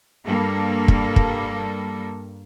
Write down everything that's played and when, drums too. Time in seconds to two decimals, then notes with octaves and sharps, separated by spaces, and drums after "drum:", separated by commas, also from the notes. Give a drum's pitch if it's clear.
0.24 G2 G3 A#3 A4
0.88 drum: kick
1.16 drum: kick